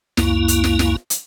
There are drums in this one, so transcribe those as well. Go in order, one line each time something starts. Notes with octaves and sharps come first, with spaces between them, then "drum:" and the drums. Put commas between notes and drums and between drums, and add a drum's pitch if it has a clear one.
C#2 F#2 A#3 E4, drum: snare
drum: hi-hat
drum: snare
drum: snare
drum: hi-hat